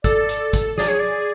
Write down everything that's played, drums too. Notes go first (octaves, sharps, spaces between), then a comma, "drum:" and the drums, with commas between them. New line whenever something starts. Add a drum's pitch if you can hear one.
A4 D5, drum: kick G#1, hi-hat
drum: hi-hat
drum: kick G#1, hi-hat
G#4 D5, drum: snare
C#5
D5